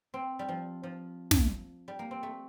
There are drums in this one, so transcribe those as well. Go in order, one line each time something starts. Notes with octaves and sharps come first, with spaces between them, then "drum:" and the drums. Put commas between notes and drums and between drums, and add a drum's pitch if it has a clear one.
C4
G3
F3
F3
drum: snare
G3
A#3
C4
A3